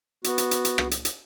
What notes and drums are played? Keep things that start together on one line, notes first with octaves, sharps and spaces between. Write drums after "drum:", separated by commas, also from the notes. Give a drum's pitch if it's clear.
B3 F#4, drum: hi-hat
drum: hi-hat
drum: hi-hat
drum: hi-hat
drum: rim click
drum: hi-hat
drum: hi-hat